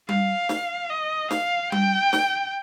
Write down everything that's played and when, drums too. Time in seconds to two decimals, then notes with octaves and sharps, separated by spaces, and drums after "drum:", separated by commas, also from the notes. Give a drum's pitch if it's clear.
0.09 F5, drum: tom G3
0.49 drum: snare
0.90 D#5
1.31 F5, drum: snare
1.72 G5, drum: tom G3
2.13 drum: snare